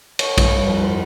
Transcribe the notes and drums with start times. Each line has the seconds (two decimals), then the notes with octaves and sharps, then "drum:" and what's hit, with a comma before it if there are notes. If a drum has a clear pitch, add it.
0.19 C#5, drum: cymbal
0.38 G2, drum: kick A#1, cymbal
0.67 F2
0.83 C5